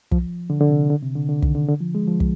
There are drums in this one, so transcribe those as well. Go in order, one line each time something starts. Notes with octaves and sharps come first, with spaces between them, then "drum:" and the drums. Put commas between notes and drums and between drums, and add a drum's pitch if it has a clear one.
F3, drum: kick
D3
D3
C3
D3
C3
D3
D3
D#3, drum: kick
D3
D3
F3
G#3
F3
drum: kick